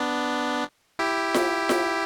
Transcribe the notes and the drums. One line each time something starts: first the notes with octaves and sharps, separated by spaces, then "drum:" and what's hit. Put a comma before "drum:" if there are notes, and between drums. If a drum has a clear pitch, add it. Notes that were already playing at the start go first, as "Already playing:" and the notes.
Already playing: B3 D4
E4 G4
drum: snare F4
drum: snare F4